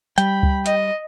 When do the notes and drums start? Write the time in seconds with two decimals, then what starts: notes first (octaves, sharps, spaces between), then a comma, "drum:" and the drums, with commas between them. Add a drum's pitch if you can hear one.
0.18 G3 G5 B5, drum: hi-hat
0.43 drum: kick C#2
0.66 D#5, drum: hi-hat